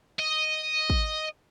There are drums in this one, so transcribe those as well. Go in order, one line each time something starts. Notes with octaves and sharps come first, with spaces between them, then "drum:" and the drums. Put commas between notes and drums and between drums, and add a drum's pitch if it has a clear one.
D#5
drum: kick